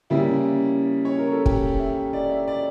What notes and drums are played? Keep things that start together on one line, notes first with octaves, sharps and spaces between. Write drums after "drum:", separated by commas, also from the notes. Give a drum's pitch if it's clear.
C#3 G3 A#3 E4
C#5
A#4
A4
G4, drum: kick
E5
D5
E5
D5